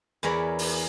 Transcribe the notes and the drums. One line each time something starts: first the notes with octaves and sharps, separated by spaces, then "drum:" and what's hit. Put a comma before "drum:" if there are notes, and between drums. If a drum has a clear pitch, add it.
E2 E3 A#4 C#5 D5 B5
drum: open hi-hat